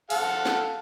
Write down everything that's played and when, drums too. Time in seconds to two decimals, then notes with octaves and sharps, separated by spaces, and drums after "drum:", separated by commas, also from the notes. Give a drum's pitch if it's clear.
0.10 A4 F5 F#5, drum: open hi-hat
0.46 drum: snare